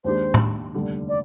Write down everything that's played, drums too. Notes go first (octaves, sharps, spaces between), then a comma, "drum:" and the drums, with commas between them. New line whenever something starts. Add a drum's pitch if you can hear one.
D#2 D#3 G#3 D4 G4 C5
drum: tom
F1 D#2 D3 G3
D5